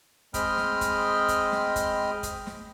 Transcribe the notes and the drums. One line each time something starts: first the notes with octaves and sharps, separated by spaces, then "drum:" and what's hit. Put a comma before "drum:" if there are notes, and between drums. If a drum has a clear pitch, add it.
G#3 C4 D#5 G5 B5 F6, drum: kick, hi-hat
drum: snare
drum: kick, hi-hat
drum: kick, hi-hat
drum: snare
drum: kick, hi-hat
drum: kick, hi-hat
drum: snare